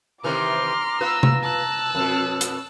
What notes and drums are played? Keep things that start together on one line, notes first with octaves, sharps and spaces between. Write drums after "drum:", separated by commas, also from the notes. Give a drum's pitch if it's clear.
C3 D#3 E3 A#5 C6 D6 F6
B3 F4 B4 E6
drum: tom C3
A5 E6 F#6
F2 B2
drum: hi-hat